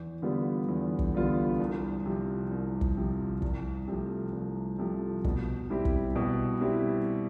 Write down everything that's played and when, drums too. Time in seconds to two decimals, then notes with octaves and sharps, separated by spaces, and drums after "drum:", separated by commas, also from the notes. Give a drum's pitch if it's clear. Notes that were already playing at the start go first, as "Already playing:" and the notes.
Already playing: E2
0.22 D3 G3 B3 F4
0.69 E2
0.99 drum: kick
1.15 D3 G3 B3 F4
1.60 C2
2.06 C3 F3
2.51 C2
2.81 drum: kick
2.97 C3 F3
3.42 C2, drum: kick
3.88 C3 F3 A3
4.33 C2
4.78 C3 F3 A3
5.24 B2, drum: kick
5.70 G3 C4 E4 G4
5.85 drum: kick
6.16 B2
6.61 G3 C4 E4 G4